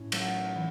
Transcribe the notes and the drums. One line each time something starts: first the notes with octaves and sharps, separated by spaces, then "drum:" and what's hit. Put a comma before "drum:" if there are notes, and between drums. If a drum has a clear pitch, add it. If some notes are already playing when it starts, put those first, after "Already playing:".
Already playing: A2 C#4
F#3 A3 D#4, drum: cymbal
E3